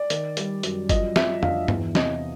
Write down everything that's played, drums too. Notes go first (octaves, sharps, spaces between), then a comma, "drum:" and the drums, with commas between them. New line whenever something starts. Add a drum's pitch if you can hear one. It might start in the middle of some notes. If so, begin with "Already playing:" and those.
Already playing: D5
D#3, drum: hi-hat
G3, drum: hi-hat
F#2, drum: hi-hat
F3 D#5, drum: kick G1, hi-hat
F3 E5, drum: snare
D4 F5, drum: tom
E2, drum: tom G2
C3 D#5, drum: snare